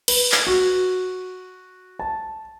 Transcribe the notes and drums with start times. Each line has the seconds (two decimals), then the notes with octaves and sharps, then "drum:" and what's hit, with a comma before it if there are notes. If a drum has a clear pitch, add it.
0.08 B4, drum: cymbal
0.32 drum: clap
0.47 F#4
1.99 A5